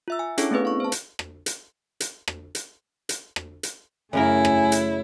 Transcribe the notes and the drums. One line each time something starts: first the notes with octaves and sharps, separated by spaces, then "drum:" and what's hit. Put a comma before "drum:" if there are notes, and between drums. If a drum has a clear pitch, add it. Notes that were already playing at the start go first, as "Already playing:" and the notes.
F4 E5 E6
G#5
C#4 D4 E4 G#4 A4 C#5, drum: hi-hat
A3 B3 C4 G#4 B4
F5 C#6
C5 A5
drum: hi-hat
drum: rim click
drum: hi-hat
drum: hi-hat
drum: rim click
drum: hi-hat
drum: hi-hat
drum: rim click
drum: hi-hat
F#2 C#3 A3 E4 A#4 G#5
drum: rim click
drum: hi-hat